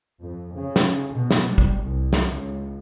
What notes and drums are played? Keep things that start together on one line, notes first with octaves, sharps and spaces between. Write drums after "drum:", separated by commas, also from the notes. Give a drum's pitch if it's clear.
F2
C#3
drum: snare
B2
drum: snare
G3
drum: kick
C2
drum: snare
C#2